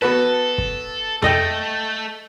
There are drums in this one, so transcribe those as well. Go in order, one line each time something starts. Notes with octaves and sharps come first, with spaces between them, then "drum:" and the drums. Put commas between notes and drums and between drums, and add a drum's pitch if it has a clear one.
B3 F#4 A4 B4
drum: kick
A3 A4 D#5 G5, drum: tom F2